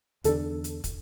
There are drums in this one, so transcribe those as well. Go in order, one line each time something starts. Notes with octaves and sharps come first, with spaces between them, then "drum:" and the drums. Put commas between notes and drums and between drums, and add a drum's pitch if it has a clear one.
E2 D3 A3 D4 A4, drum: hi-hat
drum: hi-hat
drum: kick, hi-hat